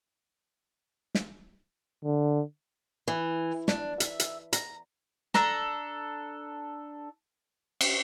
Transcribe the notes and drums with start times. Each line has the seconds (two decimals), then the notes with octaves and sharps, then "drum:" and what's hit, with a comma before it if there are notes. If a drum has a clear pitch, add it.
1.15 drum: snare
2.04 D3
3.08 E3
3.68 D4, drum: snare
4.00 E5, drum: hi-hat
4.20 drum: hi-hat
4.53 A#5, drum: hi-hat
5.34 D4 A4 A#5, drum: snare
7.81 drum: cymbal